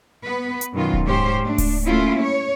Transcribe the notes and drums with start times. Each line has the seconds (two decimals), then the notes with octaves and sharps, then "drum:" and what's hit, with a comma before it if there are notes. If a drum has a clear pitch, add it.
0.24 B3 B4
0.61 drum: hi-hat
0.73 F#2 B2 D#3 F4
0.93 drum: kick D1
1.04 G#2 C#4 G4 C5
1.42 A3 D4
1.58 drum: kick D1, open hi-hat
1.85 A3 A#3 C#4 E4 F4
2.20 C#5